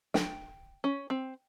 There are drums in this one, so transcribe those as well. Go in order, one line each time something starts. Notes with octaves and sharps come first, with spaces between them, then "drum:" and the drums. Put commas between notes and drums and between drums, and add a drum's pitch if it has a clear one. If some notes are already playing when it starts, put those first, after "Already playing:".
G5, drum: snare
C#4
C4